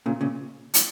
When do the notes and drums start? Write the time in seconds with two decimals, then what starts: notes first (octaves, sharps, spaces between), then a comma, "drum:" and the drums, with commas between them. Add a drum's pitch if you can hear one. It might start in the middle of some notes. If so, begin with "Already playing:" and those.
0.06 A#2 C#3
0.21 A#2 C#3
0.74 drum: hi-hat